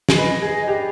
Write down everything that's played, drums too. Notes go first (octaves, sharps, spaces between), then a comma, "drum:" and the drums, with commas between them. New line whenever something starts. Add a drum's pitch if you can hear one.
G#4, drum: snare
B4 D#5
G#4
G4 D5